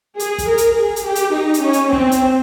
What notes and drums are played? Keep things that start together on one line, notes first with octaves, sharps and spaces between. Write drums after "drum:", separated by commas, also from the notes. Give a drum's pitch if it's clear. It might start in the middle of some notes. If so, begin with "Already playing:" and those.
G#4, drum: hi-hat
drum: kick, hi-hat
A#4
drum: hi-hat
G#4
drum: hi-hat
G4
drum: hi-hat
D#4
drum: hi-hat
C#4
drum: hi-hat
C4, drum: kick
drum: hi-hat